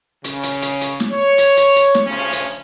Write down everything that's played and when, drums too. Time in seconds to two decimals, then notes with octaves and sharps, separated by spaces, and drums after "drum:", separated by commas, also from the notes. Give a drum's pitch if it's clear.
0.24 C#3, drum: hi-hat
0.43 drum: hi-hat
0.62 drum: hi-hat
0.81 drum: hi-hat
1.00 drum: snare
1.12 C#5
1.38 drum: hi-hat
1.57 drum: hi-hat
1.76 drum: hi-hat
1.95 drum: snare
2.07 D2 C#3 F3 C#4
2.32 drum: hi-hat